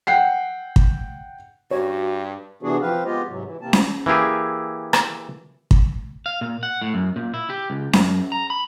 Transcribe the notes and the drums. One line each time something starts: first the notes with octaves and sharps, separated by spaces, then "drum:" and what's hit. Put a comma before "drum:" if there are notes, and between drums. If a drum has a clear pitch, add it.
F#5 G5 C7
drum: kick
G2 F#4 C#5 D5
C3 E3 B3 D4 F#4 G#4
F3 C4 B4 F5
G#3 B3 F4 G4 D#5
G#2 C3 F#3
E3
C3 A#3 C4 A5
drum: snare C#4
E3 A#3 E4 G4 G#4
drum: rim click
drum: kick
F5
A#2
F#5
A2
F#2
A#2
E4
G4
C#2
F#2, drum: snare C#4
A#5
B5